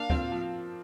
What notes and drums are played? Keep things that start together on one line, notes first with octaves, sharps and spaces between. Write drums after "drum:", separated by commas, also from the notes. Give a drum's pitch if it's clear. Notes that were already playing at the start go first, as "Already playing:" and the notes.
Already playing: A#3 D4 F5
C4 F4, drum: kick D2
F3